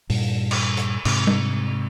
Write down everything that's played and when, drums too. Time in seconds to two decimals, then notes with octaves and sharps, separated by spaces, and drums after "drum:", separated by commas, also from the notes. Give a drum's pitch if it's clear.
0.10 G2 A#2, drum: open hi-hat
0.51 drum: cymbal
0.77 drum: hi-hat
1.05 G#2 C3, drum: cymbal
1.27 drum: tom G3